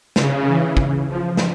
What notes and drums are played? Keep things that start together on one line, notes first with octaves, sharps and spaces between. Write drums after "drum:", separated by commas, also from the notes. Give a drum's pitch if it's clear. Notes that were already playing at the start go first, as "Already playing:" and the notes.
C#3, drum: snare
E3
drum: kick
F3
drum: snare